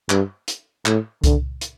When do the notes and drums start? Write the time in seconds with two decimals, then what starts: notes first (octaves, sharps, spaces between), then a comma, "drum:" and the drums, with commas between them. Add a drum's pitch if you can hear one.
0.10 G2, drum: clap
0.48 drum: hi-hat
0.86 A2, drum: clap
1.24 D3, drum: kick C2, hi-hat
1.61 drum: hi-hat